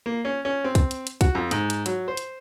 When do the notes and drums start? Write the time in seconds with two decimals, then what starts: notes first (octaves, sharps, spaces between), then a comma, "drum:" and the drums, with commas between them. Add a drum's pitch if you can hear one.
0.06 A#3
0.25 C#4
0.45 C#4
0.64 C4
0.75 drum: kick, hi-hat
0.91 drum: hi-hat
1.07 drum: hi-hat
1.21 F#4, drum: kick, hi-hat
1.35 F2
1.51 G#2, drum: hi-hat
1.70 drum: hi-hat
1.86 F#3, drum: hi-hat
2.08 C5
2.17 drum: hi-hat